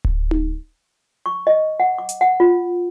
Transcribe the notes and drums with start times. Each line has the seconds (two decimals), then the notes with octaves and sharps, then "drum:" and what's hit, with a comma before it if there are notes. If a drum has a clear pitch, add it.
0.04 drum: kick D1
0.31 drum: tom D#4
1.26 C#6
1.47 D#5
1.80 F#5
1.98 D6
2.09 drum: hi-hat
2.21 F#5
2.40 F4